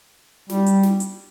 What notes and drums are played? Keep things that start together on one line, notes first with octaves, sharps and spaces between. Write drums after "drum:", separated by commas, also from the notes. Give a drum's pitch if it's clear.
G3, drum: snare
drum: hi-hat
drum: snare
drum: hi-hat